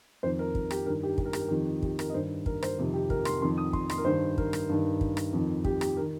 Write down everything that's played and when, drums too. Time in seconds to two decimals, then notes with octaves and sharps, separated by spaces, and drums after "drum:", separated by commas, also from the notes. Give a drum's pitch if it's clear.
0.23 F2 D#3 C5
0.39 A#4
0.55 drum: kick
0.71 G4, drum: rim click
0.86 G2 D#3 A#4
1.03 G4
1.11 A#4
1.18 G4, drum: kick
1.25 A#4
1.33 G4, drum: rim click
1.41 A#4
1.48 F2 D#3 G4
1.82 G4, drum: kick
1.99 A#4, drum: rim click
2.10 D#5
2.13 G2 D#3 C5
2.46 A#4, drum: kick
2.62 C5, drum: rim click
2.78 F2 C3 D#3
2.94 G4
3.10 A#4, drum: kick
3.25 C6, drum: rim click
3.42 F2 D#3 C6
3.57 D#6
3.73 C6, drum: kick
3.90 C6, drum: rim click
3.98 A#4
4.05 G2 D#3 C5
4.38 A#4, drum: kick
4.53 drum: rim click
4.69 G2 D#3
5.01 drum: kick
5.17 drum: rim click
5.33 F2 D#3
5.64 G4, drum: kick
5.81 G4, drum: rim click
5.97 A#4
6.00 D#3